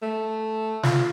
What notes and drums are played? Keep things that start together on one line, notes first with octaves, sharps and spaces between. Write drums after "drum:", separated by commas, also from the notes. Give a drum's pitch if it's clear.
A3
F4, drum: snare